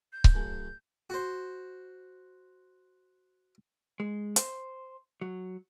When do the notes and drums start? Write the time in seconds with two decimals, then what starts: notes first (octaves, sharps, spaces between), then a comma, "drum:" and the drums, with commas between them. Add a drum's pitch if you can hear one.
0.13 G6
0.24 drum: kick C#1
0.34 F#2 A2 C#3
1.10 F#4 C5
4.00 G#3
4.36 C5, drum: hi-hat
5.21 F#3